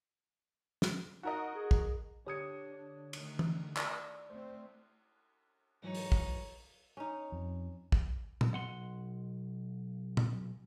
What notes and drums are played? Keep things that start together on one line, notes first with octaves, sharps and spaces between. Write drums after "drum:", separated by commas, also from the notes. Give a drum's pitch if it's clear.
drum: snare
D#4 F#4 A#4 D#5
G#4
drum: kick
D3 D4 G4 C#5 D#6 G#6 C#7
D#3 A3, drum: cymbal
drum: tom E3
D5, drum: clap
A3 C4 C5
G#2 E3 F#3 D#4 C#5
drum: open hi-hat
drum: kick
C#4 D#4
F2
drum: kick
drum: tom A#2
B1 F#5 C6
drum: tom A#2